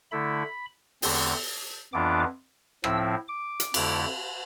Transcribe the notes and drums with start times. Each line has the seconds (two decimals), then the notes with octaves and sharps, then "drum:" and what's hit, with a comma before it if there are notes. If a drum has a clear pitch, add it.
0.11 D3 A3 E4 B5
1.02 E2 D3 A3 C4, drum: open hi-hat
1.93 F2 E3 B3 D4 F4 D6
2.84 A2 F3 C4 E4 E6, drum: rim click
3.28 D6
3.60 drum: hi-hat
3.74 F2 D3 A3 E4, drum: cymbal